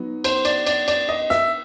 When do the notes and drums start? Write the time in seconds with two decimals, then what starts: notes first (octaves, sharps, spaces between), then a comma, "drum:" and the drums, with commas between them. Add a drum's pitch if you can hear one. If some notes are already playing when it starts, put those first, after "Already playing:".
Already playing: F#3 B3 D#4
0.24 C5, drum: cymbal
0.45 D5, drum: cymbal
0.67 D5, drum: cymbal
0.88 D5, drum: cymbal
1.09 D#5
1.30 E5, drum: snare